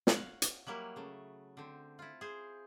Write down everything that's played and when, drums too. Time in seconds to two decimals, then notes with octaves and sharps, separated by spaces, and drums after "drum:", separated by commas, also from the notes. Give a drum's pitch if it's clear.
0.07 C#5 F5 F#5, drum: snare
0.42 drum: hi-hat
0.67 F#3 G3 A#3 E4
0.96 C#3 A3
1.57 D3 C4
1.99 E4 F4
2.21 G#4 C5